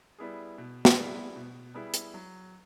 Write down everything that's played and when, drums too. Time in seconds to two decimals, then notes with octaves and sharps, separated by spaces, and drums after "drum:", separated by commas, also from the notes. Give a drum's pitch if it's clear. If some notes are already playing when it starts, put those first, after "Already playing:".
0.19 G3 B3 E4 G#4
0.58 B2
0.85 drum: snare
0.97 G3 B3 E4 G#4
1.36 B2
1.74 G3 B3 E4 G#4
1.94 drum: hi-hat
2.14 F#3